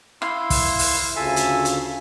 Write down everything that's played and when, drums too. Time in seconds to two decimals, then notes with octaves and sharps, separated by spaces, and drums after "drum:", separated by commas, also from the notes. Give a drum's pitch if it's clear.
0.22 E4 F5 C6, drum: rim click
0.50 drum: kick, open hi-hat
0.79 drum: open hi-hat
1.16 D2 C#3 F4 A4 E5 G#5
1.36 drum: hi-hat
1.65 drum: hi-hat